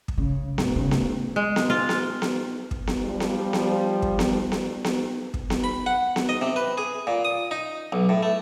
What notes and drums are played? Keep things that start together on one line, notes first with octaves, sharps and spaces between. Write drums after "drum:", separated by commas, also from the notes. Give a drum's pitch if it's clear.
drum: kick
C#3
D1, drum: snare B3
C#3
D2, drum: snare B3
G#3
drum: snare B3
F4
drum: snare B3
drum: snare B3
drum: kick
drum: snare B3
F3 G3
drum: snare B3
drum: snare B3
drum: kick
drum: snare B3
drum: snare B3
drum: snare B3
drum: kick
drum: snare B3
B5
F#5
drum: snare B3
D#5
C3
B4
G#4
A#2
D#6
D#4
B1
A2
A3